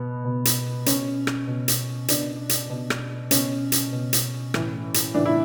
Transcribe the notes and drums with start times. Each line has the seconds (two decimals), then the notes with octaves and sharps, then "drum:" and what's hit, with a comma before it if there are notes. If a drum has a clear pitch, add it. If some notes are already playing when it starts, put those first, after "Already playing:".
Already playing: B2 B3
0.25 B2
0.45 drum: hi-hat
0.86 B2 C#4, drum: hi-hat
1.27 drum: rim click
1.47 B2
1.68 drum: hi-hat
2.08 B2 D4, drum: hi-hat
2.49 drum: hi-hat
2.70 B2
2.90 drum: rim click
3.31 B2 C#4, drum: hi-hat
3.72 drum: hi-hat
3.92 B2
4.13 drum: hi-hat
4.54 A2 E3, drum: rim click
4.94 drum: hi-hat
5.14 A2 E3 D4
5.26 E4